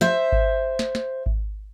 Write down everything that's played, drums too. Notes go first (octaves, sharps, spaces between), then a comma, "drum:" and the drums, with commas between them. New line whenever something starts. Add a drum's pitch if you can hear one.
C5 E5, drum: snare
drum: kick G#1
drum: snare
drum: snare
drum: kick G#1